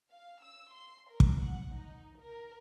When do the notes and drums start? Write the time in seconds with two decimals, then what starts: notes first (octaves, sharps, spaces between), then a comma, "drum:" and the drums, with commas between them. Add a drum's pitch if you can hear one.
0.11 F5
0.41 E6
0.72 C6
1.09 A#4
1.20 drum: kick
1.44 F#5
1.75 D#4
2.21 A#4